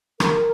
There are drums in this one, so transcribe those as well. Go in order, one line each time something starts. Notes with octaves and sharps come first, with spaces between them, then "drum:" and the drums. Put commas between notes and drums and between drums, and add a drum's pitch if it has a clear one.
A#4, drum: rim click